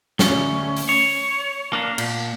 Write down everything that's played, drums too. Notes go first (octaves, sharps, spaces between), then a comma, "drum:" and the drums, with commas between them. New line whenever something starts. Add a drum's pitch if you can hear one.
D2 C#4, drum: snare
drum: open hi-hat
C#5
A#3 D4
A#2, drum: cymbal